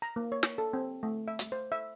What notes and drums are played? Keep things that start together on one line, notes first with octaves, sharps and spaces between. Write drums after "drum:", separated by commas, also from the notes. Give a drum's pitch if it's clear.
A#5
A#3
C#5
drum: snare
A4
C4
A3
E5
drum: hi-hat
C5
E5